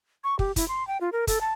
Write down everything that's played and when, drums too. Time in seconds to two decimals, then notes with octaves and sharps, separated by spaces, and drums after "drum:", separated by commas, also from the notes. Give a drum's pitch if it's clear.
0.24 C#6
0.39 G4, drum: kick
0.56 E4, drum: kick, hi-hat
0.68 C6
0.87 G5
1.01 F4
1.13 A#4
1.27 A4, drum: kick, hi-hat
1.41 A5